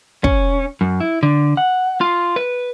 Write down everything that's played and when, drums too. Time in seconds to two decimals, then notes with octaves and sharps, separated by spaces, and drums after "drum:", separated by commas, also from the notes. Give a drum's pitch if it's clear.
0.24 C#4, drum: kick
0.81 F#2
1.00 E4
1.23 D3
1.57 F#5
2.01 F4
2.36 B4